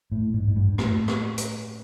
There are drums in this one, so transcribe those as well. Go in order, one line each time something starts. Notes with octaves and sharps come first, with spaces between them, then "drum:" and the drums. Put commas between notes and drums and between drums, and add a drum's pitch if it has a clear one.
A2
G#2
G#2
G2
A2, drum: rim click
drum: rim click
drum: hi-hat